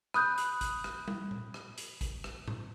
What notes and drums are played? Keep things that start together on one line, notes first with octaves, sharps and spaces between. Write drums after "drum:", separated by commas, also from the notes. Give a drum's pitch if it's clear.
B5 D#6 F#6 G6, drum: rim click
drum: hi-hat
drum: kick, hi-hat
drum: rim click
drum: tom
drum: tom A#2
drum: rim click
drum: hi-hat
drum: kick, hi-hat
drum: rim click
drum: tom G#2